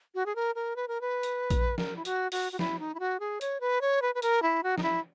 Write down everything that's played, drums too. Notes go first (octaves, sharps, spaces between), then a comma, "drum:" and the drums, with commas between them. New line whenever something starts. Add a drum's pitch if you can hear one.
F#4
G#4
A#4
A#4
B4
A#4
B4
drum: hi-hat
drum: kick A#1, hi-hat
A#4, drum: snare
E4
F#4, drum: hi-hat
F#4, drum: open hi-hat
F#4
E4, drum: snare
D#4
E4
F#4
G#4
C#5, drum: hi-hat
B4
C#5
B4
B4
A#4, drum: hi-hat
E4
F#4
D#4, drum: snare
E4